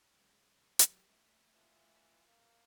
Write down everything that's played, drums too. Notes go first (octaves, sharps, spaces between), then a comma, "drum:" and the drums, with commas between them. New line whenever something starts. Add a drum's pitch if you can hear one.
C#3 F#3 G#3
F#3 G4 A#4, drum: hi-hat
A3 E5
E3 F4 F#5 A5
A#3